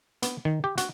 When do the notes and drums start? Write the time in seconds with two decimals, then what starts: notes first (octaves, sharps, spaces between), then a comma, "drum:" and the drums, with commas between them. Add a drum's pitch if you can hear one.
0.22 B3, drum: hi-hat
0.45 D#3
0.64 G4
0.78 F#4, drum: hi-hat